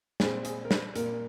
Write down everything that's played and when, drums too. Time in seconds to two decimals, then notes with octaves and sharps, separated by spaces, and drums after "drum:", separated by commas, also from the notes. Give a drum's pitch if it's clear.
0.20 A#2 G#3 C4 G#4, drum: snare
0.45 G#4, drum: hi-hat
0.65 A#4
0.71 C5, drum: snare
0.95 A#2 A#3 A#4, drum: hi-hat